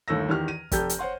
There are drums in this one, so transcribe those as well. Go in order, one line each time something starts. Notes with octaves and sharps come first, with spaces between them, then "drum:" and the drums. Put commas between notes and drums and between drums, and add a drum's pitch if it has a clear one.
G1 D#2 A3 E6 A#6
E2 D#3 G4 F6
D#7
F1 G4 A4 G6, drum: kick, hi-hat
drum: hi-hat
C5 C#5 F#5 C6